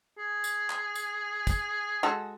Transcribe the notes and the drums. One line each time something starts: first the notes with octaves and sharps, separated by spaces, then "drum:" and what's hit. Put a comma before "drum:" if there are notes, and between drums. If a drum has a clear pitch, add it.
G#4
drum: tambourine
drum: clap
drum: tambourine
drum: kick, tambourine
G#3 F#4 A4